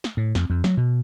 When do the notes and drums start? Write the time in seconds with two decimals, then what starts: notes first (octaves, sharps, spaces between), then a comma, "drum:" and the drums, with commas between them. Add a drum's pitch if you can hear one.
0.04 drum: snare
0.17 A2
0.35 F2, drum: snare
0.50 F2
0.64 F#3, drum: snare
0.77 B2